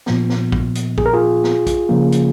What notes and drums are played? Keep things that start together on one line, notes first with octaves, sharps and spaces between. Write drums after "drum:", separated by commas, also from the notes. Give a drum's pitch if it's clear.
A#2 F3 B3, drum: snare
drum: snare
drum: kick
drum: hi-hat
G#4, drum: kick
A#4
F4 G#4
drum: snare
drum: kick, hi-hat
C#3 F3 A#3
drum: hi-hat